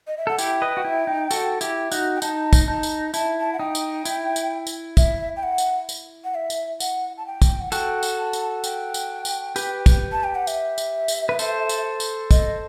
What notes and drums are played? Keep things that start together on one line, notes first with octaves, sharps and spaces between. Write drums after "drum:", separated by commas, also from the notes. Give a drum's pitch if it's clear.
D#5
E5
A4 F#5
E4 G4 G5, drum: tambourine
B4 D#5
F#4
E4
D#4
F#4 A4, drum: tambourine
E4 G4, drum: tambourine
D#4 F#4, drum: tambourine
G5
D#4 A5, drum: tambourine
drum: kick, tambourine
D#4 A5
drum: tambourine
E4 A5, drum: tambourine
A5
F#5
D#4 G5
drum: tambourine
E4, drum: tambourine
drum: tambourine
drum: tambourine
E5, drum: kick, tambourine
G5
F#5
drum: tambourine
drum: tambourine
F#5
E5
drum: tambourine
F#5, drum: tambourine
A5
G5
drum: kick, tambourine
F#5
F#4 A4 G5, drum: tambourine
drum: tambourine
A5
drum: tambourine
G5, drum: tambourine
drum: tambourine
drum: tambourine
G4 B4, drum: tambourine
drum: kick, tambourine
A5
G5
F#5
E5, drum: tambourine
drum: tambourine
drum: tambourine
B4
A4 C5, drum: tambourine
drum: tambourine
drum: tambourine
D#5, drum: kick, tambourine